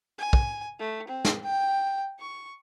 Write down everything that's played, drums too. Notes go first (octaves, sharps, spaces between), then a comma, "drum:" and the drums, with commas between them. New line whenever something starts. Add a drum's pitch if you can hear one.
G#5
drum: kick
A3
C4
drum: snare
G5
C#6